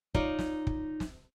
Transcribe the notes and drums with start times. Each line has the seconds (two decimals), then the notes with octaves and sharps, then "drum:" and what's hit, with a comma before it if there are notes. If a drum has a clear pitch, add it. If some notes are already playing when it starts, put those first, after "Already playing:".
0.14 D#4 F4 C#5 D5, drum: kick
0.39 drum: snare
0.67 drum: kick
1.00 drum: snare